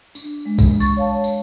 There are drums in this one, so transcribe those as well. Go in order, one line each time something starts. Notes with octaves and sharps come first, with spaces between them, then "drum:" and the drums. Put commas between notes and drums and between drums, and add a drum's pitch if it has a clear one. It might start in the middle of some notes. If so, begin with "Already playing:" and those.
D4, drum: tambourine
G#3
drum: kick, tambourine
C#6 A6, drum: tambourine
C#5 F5 A5
drum: tambourine